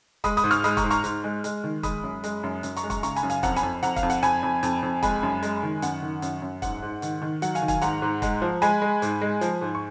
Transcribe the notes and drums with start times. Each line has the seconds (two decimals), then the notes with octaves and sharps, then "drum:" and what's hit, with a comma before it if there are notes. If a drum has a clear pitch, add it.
0.24 G#3 B5 D#6, drum: kick, hi-hat
0.37 B5 D#6, drum: hi-hat
0.44 G#2
0.51 C#6 F6, drum: hi-hat
0.64 G#3 B5 D#6, drum: hi-hat
0.77 A#5 C#6, drum: kick, hi-hat
0.84 G#2
0.91 A#5 C#6, drum: hi-hat
1.04 G#2, drum: hi-hat
1.24 G#3
1.44 G#3, drum: hi-hat
1.64 D#3
1.83 G#3 B5 D#6, drum: kick, hi-hat
2.03 F#2
2.24 G#3, drum: hi-hat
2.43 F#2
2.63 F#2, drum: hi-hat
2.76 A#5 C#6, drum: hi-hat
2.83 G#3
2.90 A#5 C#6, drum: kick, hi-hat
3.03 C#3 A#5 C#6, drum: hi-hat
3.16 G#5 B5, drum: hi-hat
3.23 F#2
3.30 F5 G#5, drum: hi-hat
3.43 F2 F#5 A#5, drum: kick, hi-hat
3.56 G#5 B5, drum: hi-hat
3.63 F2
3.83 F2 F#5 A#5, drum: hi-hat
3.96 F5, drum: kick, hi-hat
4.03 F2
4.10 F#5, drum: hi-hat
4.23 F2 G#5 B5, drum: hi-hat
4.43 F2
4.63 F2, drum: hi-hat
4.83 F2
5.03 G#3 G#5 B5, drum: kick, hi-hat
5.23 F#2
5.43 G#3, drum: hi-hat
5.63 D#3
5.82 F#2 F#5, drum: hi-hat
6.02 D#3
6.22 F#2, drum: hi-hat
6.42 F#2
6.62 G#2 F#5, drum: kick, hi-hat
6.82 G#2
7.02 D#3, drum: hi-hat
7.22 D#3
7.42 F#3 F#5, drum: hi-hat
7.55 F5 G#5, drum: hi-hat
7.62 D#3
7.68 F5 G#5, drum: kick, hi-hat
7.81 G#2 F#5 A#5, drum: hi-hat
8.02 G#2
8.22 G#3, drum: kick, hi-hat
8.42 F3
8.62 G#3 G#5 B5, drum: hi-hat
8.82 G#3
9.02 G#2, drum: hi-hat
9.21 G#3
9.41 F3, drum: hi-hat
9.61 G#2
9.75 C#6